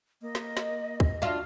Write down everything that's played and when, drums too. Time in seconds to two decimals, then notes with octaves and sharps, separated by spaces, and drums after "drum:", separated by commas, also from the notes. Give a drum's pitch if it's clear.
0.22 A#3 D#5
0.35 drum: snare
0.57 drum: snare
1.00 drum: kick
1.22 D4 F4 F#4 E5 F5